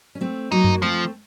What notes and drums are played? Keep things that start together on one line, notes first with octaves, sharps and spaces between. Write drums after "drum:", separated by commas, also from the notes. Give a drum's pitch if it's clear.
C#4
A3 C4
F#3 A#3 D#4
drum: tom F#2
F3 A3 C4